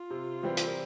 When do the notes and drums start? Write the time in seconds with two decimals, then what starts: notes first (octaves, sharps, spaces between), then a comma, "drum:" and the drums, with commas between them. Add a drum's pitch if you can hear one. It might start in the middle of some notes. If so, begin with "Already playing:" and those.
Already playing: F4
0.10 C3
0.43 E3 G3 C4
0.57 drum: hi-hat
0.68 A#4